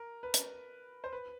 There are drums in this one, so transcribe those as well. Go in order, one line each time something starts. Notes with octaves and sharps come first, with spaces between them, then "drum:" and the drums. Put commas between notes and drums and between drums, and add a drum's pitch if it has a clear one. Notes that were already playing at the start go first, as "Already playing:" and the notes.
Already playing: A#4
B4
drum: hi-hat
C5
B4